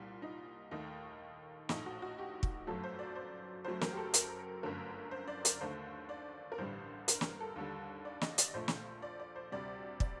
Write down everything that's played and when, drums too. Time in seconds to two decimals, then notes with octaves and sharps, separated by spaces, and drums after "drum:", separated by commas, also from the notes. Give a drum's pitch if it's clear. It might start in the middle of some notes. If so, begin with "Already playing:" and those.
Already playing: C2 A#2 G3
0.22 D#4
0.71 D#2 D#3 A3 D#4
1.69 A#1 A2 A3 D#4, drum: snare
1.86 F#4
2.02 F#4
2.18 G4
2.43 drum: kick
2.67 G1 F#2 F#3 A3 A4
2.84 C5
2.99 D5
3.15 C5
3.65 F#1 F#2 F#3 A3 C5
3.81 A#4, drum: snare
3.93 G4
3.97 A4
4.14 A#4, drum: hi-hat
4.63 G1 F#2 D3 A3 A#4
5.11 C5
5.28 D5
5.45 A#4, drum: hi-hat
5.61 D#2 D3 A3 C5
6.09 D5
6.52 A#4
6.58 A1 G2 D3 G3 C5
7.08 A#4, drum: hi-hat
7.21 drum: snare
7.40 A4
7.56 D#2 D3 G3
8.05 D5
8.21 D#5, drum: snare
8.38 D5, drum: hi-hat
8.54 A#1 A#2 A3 C5
8.68 drum: snare
9.02 D5
9.20 D5
9.36 C5
9.52 D2 C3 G3 D5
10.00 D5, drum: kick